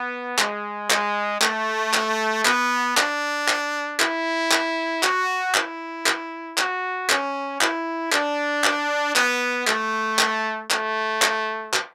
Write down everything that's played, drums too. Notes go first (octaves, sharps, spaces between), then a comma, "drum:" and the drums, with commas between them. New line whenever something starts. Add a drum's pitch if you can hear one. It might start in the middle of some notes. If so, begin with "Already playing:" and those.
Already playing: B3
G#3, drum: clap
G#3, drum: clap
A3, drum: clap
drum: clap
B3, drum: clap
D4, drum: clap
drum: clap
E4, drum: clap
drum: clap
F#4, drum: clap
E4, drum: clap
drum: clap
F#4, drum: clap
C#4, drum: clap
E4, drum: clap
D4, drum: clap
drum: clap
B3, drum: clap
A3, drum: clap
drum: clap
A3, drum: clap
drum: clap
drum: clap